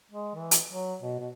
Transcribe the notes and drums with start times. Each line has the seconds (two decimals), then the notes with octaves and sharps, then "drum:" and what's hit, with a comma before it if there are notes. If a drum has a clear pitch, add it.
0.12 G#3
0.35 E3
0.51 drum: hi-hat
0.69 F#3
1.02 B2
1.19 B2